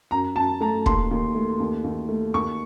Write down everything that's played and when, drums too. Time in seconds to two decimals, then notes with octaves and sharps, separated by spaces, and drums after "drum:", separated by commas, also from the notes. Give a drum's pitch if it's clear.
0.11 F#2 A#5
0.36 F#2 A5
0.60 A3 A#5
0.86 D#2 C6, drum: kick
1.11 D#2
1.35 A3
1.60 D#2
1.84 D#2
2.09 A3
2.34 D#2 C#6